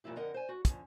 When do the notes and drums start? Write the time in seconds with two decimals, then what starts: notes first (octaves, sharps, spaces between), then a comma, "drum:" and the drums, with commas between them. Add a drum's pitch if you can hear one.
0.04 F#2 A#2 F3 E4 G4
0.16 F2 D3 A#4 D#5 F#5
0.34 C5 G#5
0.49 F#4
0.65 D3 F3 C#4, drum: kick, hi-hat